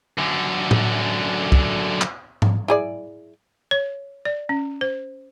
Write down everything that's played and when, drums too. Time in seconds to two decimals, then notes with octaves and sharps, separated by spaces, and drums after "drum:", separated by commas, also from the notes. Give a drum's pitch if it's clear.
0.18 F#2 D3
0.71 drum: tom A2
1.52 drum: kick
2.01 drum: clap
2.42 drum: tom G#2
2.68 E4 G#4 D5
3.71 C#5
4.25 D5
4.49 C#4
4.81 C5